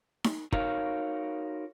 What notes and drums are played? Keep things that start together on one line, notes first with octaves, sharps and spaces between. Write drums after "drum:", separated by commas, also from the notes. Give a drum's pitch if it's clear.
drum: snare D#4
D#4 F#4 A#4 C#5 F5, drum: kick